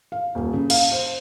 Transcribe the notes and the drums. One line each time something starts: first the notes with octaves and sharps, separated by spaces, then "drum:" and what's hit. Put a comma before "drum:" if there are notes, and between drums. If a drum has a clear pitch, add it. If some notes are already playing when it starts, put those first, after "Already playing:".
F5
D#1
C#3
F5, drum: cymbal
C5